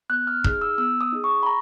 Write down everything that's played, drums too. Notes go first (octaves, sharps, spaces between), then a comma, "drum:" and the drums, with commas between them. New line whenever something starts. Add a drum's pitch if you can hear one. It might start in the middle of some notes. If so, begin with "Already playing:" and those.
B3 F#6
F6
D#4 G#4 F6, drum: kick E1
E6
B3 E6
D#6
D#4 G#4
C#6
B5
A#5